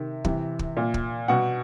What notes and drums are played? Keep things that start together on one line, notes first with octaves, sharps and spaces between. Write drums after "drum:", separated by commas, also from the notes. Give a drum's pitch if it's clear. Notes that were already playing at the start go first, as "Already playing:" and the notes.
Already playing: C3 D#3
C3 E3, drum: kick
drum: kick
A#2
drum: kick
B2 F#5